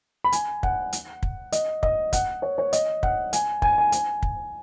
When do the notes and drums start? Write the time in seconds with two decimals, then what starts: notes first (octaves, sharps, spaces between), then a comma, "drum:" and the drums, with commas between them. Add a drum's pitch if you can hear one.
0.24 B5
0.32 G#5, drum: hi-hat
0.63 F#5, drum: kick
0.93 drum: hi-hat
1.23 drum: kick
1.52 D#5, drum: hi-hat
1.83 D#5, drum: kick
2.13 F#5, drum: kick, hi-hat
2.42 C#5
2.58 C#5
2.73 D#5, drum: hi-hat
3.03 F#5, drum: kick
3.33 G#5, drum: hi-hat
3.62 G#5, drum: kick
3.78 G#5
3.92 G#5, drum: hi-hat
4.23 drum: kick